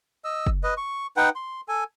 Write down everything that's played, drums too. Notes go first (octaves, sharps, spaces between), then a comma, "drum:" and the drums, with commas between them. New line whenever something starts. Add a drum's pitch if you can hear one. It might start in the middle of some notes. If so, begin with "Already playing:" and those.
D#5 E6
drum: kick
B4 D#5
C#6
D#4 B4 F#5 G5
C6
A4 G#5